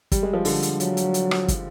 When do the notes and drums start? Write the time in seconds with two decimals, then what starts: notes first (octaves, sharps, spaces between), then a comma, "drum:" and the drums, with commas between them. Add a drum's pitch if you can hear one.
0.12 G3, drum: kick, hi-hat
0.23 G#3
0.34 F3
0.45 D3, drum: open hi-hat
0.63 drum: hi-hat
0.80 F#3, drum: hi-hat
0.97 drum: hi-hat
1.14 drum: hi-hat
1.31 drum: rim click
1.48 drum: kick, hi-hat